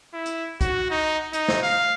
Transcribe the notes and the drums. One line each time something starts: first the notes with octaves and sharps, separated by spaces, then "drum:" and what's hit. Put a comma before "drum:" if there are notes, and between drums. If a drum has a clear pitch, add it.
E4
drum: hi-hat
F#4, drum: kick, hi-hat
D#4
D#4, drum: hi-hat
drum: snare
F5